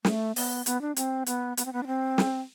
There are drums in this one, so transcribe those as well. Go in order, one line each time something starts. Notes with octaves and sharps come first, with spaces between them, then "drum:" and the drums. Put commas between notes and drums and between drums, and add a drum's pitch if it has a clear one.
A3, drum: snare
B3, drum: open hi-hat
B3, drum: hi-hat
D4
C4, drum: hi-hat
B3, drum: hi-hat
B3, drum: hi-hat
C4
B3
D4
C4
drum: snare